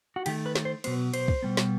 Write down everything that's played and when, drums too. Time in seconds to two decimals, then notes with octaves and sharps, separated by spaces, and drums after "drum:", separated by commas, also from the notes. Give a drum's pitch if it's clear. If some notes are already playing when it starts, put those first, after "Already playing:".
0.16 F#4
0.26 D#3 A3 G4, drum: cymbal
0.46 B4
0.55 drum: snare
0.65 C5
0.84 B2 F#3 B3 C5, drum: cymbal
1.14 C5, drum: cymbal
1.28 drum: kick
1.43 B2 G3 B3
1.57 drum: snare